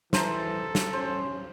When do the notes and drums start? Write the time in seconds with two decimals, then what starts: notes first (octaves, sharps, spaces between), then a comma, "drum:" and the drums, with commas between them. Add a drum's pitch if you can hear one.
0.13 E3 A4 C5 A5 A#5, drum: snare
0.75 drum: snare
0.93 C#4 C5